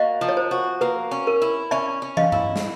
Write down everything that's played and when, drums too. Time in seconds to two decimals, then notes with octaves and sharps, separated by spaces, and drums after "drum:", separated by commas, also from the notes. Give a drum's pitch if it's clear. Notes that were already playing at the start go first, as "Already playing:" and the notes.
Already playing: A#3 F#4 D#5 F5
0.21 F3
0.29 C#5
0.37 C5
0.51 F#4
0.81 A#3 B4
1.11 C#4
1.27 A#4
1.42 E4
1.71 C#4 D5 E5
2.02 C#4
2.17 D#5 F5, drum: tom
2.32 E4, drum: tom G2
2.56 drum: snare